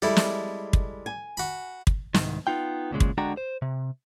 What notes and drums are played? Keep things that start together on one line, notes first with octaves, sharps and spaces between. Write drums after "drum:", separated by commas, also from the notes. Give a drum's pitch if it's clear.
G3 G#3 E4 A4 D5
drum: snare
drum: kick
G#5
F#4 B5
drum: kick
C2 G#2 D#3, drum: snare
B3 D#4 F4 G5
D2 A#2 C#3 G#3
drum: kick
D3 G#3 D4 F#4 G5 A#5
C5
C3